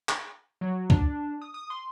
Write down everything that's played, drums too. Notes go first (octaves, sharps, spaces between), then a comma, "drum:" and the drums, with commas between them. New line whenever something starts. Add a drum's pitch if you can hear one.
drum: clap
F#3
D4, drum: kick
D#6
D#6
C6